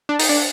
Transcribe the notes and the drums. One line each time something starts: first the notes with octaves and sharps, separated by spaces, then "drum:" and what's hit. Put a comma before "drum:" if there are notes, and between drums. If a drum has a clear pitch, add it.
D4
D#4, drum: open hi-hat
D4